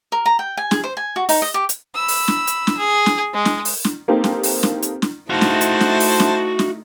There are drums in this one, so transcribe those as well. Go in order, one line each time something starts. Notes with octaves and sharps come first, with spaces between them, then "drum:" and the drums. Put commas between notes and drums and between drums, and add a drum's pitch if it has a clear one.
A#4
A#5
G5
G#5
G#4, drum: snare
C5
G#5
F#4
D#4, drum: open hi-hat
D#5
G4
drum: hi-hat
B5 E6
drum: open hi-hat
drum: snare
drum: hi-hat
drum: snare
G#4
drum: snare
G#3
drum: snare
drum: open hi-hat
drum: snare
A#3 C4 D#4 G4 A4
drum: snare
drum: open hi-hat
drum: snare
drum: hi-hat
drum: snare
A3 D#4 E4 F#4 C5 F5 A5
drum: snare
drum: hi-hat
drum: snare
drum: open hi-hat
drum: snare
drum: snare